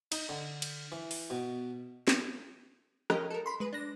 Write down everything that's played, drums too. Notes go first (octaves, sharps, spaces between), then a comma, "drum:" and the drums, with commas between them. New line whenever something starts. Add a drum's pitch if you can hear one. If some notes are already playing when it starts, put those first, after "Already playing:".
D#4, drum: cymbal
D3
drum: cymbal
E3
drum: open hi-hat
B2
drum: snare
F3 C#4 G4 A#4 D#5, drum: rim click
A4 A#4
B5 C6
G#3 B4
D4 A#6